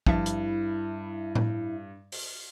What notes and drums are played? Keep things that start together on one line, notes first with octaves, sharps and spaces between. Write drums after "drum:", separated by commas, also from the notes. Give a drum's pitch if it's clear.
G#1 G2 F3 E4 E5 A5, drum: kick
drum: hi-hat
drum: tom A2
drum: open hi-hat